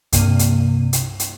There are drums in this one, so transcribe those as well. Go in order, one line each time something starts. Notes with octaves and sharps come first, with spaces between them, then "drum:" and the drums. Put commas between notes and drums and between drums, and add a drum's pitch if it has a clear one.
C2 G2 C3 A#3 D#7, drum: hi-hat
drum: hi-hat
drum: hi-hat
drum: hi-hat